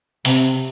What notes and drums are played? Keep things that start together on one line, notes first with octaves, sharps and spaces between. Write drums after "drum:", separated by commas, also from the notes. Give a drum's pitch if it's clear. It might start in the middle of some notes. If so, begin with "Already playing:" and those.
C3, drum: open hi-hat